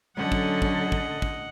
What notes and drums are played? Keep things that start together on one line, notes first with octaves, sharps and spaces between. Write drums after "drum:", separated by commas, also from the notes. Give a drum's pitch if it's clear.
D3 F#3 C#4 A4 D#5 F#5
drum: kick
drum: kick
drum: kick
drum: kick